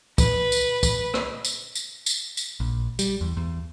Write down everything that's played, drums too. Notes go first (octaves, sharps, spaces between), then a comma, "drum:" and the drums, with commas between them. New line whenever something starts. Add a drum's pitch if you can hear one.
B4, drum: kick, tambourine
drum: tambourine
drum: kick, tambourine
drum: rim click
drum: tambourine
drum: tambourine
drum: tambourine
drum: tambourine
A#1
G3, drum: tambourine
E2
E2